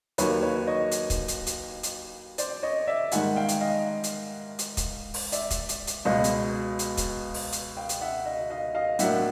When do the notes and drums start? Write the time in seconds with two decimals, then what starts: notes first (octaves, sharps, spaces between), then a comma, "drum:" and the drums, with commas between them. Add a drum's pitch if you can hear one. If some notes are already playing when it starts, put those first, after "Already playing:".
0.18 D#2 D#3 F#3 A#3 B4 C#5, drum: hi-hat
0.43 B4 C#5
0.67 C#5 D#5
0.92 drum: hi-hat
1.10 drum: kick C#1, hi-hat
1.28 drum: hi-hat
1.47 drum: hi-hat
1.83 drum: hi-hat
2.38 C5 D5, drum: hi-hat
2.63 C#5 D#5
2.87 D5 E5
3.12 G#2 D#3 G3 F#5 G#5, drum: hi-hat
3.36 F5 G5
3.49 drum: hi-hat
3.61 D#5 F5
4.04 drum: hi-hat
4.59 drum: hi-hat
4.77 drum: kick C#1, hi-hat
5.14 drum: open hi-hat
5.32 D5 E5, drum: hi-hat
5.51 drum: kick C#1, hi-hat
5.69 drum: hi-hat
5.87 drum: hi-hat
6.05 C#2 B2 G#3 D#5 F5
6.24 drum: hi-hat
6.79 drum: hi-hat
6.97 drum: kick C#1, hi-hat
7.34 drum: open hi-hat
7.53 drum: hi-hat
7.77 F5 G5
7.89 drum: hi-hat
8.01 E5 F#5
8.26 D#5 F5
8.50 D#5 F5
8.75 D#5 F5
8.99 A2 F#3 A#3 D4 E5 F#5, drum: hi-hat